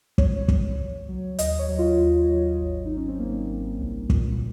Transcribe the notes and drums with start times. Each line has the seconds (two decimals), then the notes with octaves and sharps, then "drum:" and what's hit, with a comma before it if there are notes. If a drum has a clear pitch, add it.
0.18 C#2 C#5, drum: kick
0.48 C#2, drum: kick
0.78 C#2
1.08 F#3
1.39 D#2 D#5, drum: hi-hat
1.59 C#5
1.69 F#3
1.79 F4
1.99 D#2
2.29 F#3
2.60 G#1
2.86 G#1 D#4
2.97 C#4
3.08 C4
3.19 G#1 A#3
3.50 G#1
3.79 C2
4.10 A#2, drum: kick